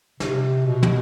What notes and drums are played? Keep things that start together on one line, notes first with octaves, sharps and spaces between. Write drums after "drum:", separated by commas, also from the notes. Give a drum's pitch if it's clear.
C3, drum: snare
B2
drum: tom